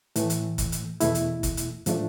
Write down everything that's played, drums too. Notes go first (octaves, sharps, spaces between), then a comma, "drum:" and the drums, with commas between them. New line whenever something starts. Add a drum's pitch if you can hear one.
A2 E3 A3, drum: hi-hat
drum: hi-hat
drum: kick F#1, hi-hat
drum: hi-hat
E2 B2 A3 E4, drum: hi-hat
drum: hi-hat
drum: kick F#1, hi-hat
drum: hi-hat
A2 F3 A3 D4, drum: hi-hat